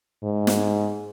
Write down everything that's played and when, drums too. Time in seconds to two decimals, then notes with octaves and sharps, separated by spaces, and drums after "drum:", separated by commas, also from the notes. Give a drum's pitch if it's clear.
0.23 G#2
0.47 drum: snare